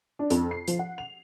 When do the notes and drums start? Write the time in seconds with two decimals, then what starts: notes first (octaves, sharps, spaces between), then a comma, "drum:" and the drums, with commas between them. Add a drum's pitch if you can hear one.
0.19 D4
0.30 F2, drum: hi-hat
0.51 C7
0.68 F3, drum: hi-hat
0.79 F#5
0.98 F7